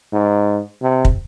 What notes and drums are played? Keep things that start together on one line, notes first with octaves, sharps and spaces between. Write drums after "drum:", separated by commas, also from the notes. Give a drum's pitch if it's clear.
G#2
C3
drum: kick